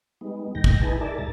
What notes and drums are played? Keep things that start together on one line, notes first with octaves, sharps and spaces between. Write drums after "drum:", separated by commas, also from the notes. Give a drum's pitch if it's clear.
G3 G#3 B3 D#4
D#2 A2 D#3 G#3 G5 A#6
drum: kick
D#4 E4 G#4 B4 G#5 A5
D#4 G#4 A#4 D5 E5 A5
D2 G#2 B2 G3 A#5 A6